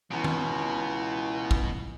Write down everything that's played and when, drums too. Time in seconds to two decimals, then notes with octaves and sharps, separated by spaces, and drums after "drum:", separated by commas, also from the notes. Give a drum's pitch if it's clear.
0.12 C#2 B2 E3
0.24 drum: tom D#3
1.51 drum: kick